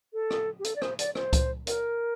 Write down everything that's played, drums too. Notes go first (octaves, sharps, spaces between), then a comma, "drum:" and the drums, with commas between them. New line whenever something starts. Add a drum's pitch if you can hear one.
A4
drum: rim click
G4
A4, drum: hi-hat
D5
C5, drum: rim click
D5, drum: hi-hat
C5, drum: rim click
drum: kick C#2, hi-hat
A#4, drum: hi-hat